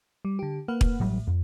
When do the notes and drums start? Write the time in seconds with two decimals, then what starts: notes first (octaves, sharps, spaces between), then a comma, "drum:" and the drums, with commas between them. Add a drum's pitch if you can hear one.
0.25 G3
0.39 D3 G4
0.68 A#3 B4 F#5
0.81 drum: kick
1.00 A1 A2 F#3 G3
1.27 F2